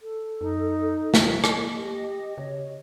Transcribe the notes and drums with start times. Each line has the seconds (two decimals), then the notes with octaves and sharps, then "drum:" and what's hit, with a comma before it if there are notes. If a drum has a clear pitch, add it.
0.02 A4
0.41 F#2 D#4
1.14 drum: snare
1.29 F#3
1.44 A#3 D#5, drum: rim click
1.75 G4
2.38 C#3 C#5